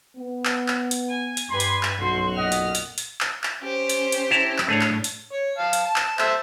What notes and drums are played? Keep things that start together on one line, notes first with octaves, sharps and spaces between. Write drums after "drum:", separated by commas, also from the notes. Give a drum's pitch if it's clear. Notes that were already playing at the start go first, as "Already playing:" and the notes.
B3
drum: clap
drum: clap
drum: hi-hat
G#5
drum: hi-hat
G2 G4 B4 G#5 B5 C6
drum: hi-hat
drum: clap
B1 F#2 A3 F#4 C5 C6
A#2 D#5 F#5 F6
drum: hi-hat
drum: hi-hat
drum: hi-hat
drum: clap
drum: clap
C#4 G4 C5
drum: hi-hat
drum: hi-hat
E4 A5 A#5
drum: clap
A2 A3 D4 G#4 C#5
drum: clap
drum: hi-hat
C#5
F5 A5
drum: hi-hat
A5
drum: clap
C5 E5 A5, drum: clap